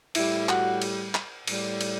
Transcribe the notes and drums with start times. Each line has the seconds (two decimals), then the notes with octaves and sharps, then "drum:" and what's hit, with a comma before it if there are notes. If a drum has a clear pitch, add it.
0.15 A2 G3 E4, drum: cymbal
0.49 F#4, drum: clap
0.82 drum: cymbal
1.15 drum: clap
1.47 A2 G3, drum: cymbal
1.81 drum: cymbal